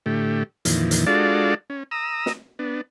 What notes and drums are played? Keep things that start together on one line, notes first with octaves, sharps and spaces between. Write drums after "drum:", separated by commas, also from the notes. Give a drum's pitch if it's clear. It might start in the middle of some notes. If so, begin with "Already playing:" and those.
A2 D3 A3 G4
F2 A#2 D#3 E3, drum: hi-hat
drum: hi-hat
G#3 D4 F4 F#4 A4 D5
C#4
A#5 D#6 E6
drum: snare
B3 D4